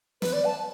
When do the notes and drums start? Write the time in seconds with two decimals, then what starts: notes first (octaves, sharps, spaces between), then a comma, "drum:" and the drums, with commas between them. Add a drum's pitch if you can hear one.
0.22 B4, drum: snare
0.33 D5
0.45 A5